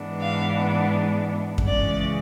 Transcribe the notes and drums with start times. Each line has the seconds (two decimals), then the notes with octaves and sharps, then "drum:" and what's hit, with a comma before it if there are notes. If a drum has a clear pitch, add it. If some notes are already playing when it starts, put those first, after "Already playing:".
Already playing: G#2 E3 G#3 B3 D4
0.21 F5
1.58 drum: kick F#2
1.67 C#3 E3 G#3 C#4 D5